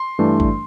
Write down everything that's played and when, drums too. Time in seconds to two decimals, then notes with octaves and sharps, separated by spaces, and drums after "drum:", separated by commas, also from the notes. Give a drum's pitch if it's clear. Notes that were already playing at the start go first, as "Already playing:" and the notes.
Already playing: C6
0.19 G2 E3 A3 D4
0.40 drum: kick G#1